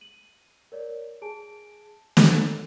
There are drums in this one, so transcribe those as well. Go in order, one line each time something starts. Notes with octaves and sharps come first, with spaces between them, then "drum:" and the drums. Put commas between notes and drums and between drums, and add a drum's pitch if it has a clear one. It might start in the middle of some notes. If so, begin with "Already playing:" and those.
D#7 F#7
A#4 C#5 D5
G#4 G#5 A5 D7
A4 A#4 C#5, drum: snare